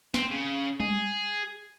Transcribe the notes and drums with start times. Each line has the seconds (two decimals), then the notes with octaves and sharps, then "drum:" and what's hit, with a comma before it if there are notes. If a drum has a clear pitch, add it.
0.14 C4, drum: snare
0.31 C#3
0.80 G#4, drum: tom G3